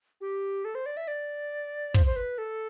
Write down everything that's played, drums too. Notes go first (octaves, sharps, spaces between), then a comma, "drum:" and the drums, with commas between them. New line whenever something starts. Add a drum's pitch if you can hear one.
G4
A4
C5
D5
E5
D5
C5, drum: kick
C5
B4
A4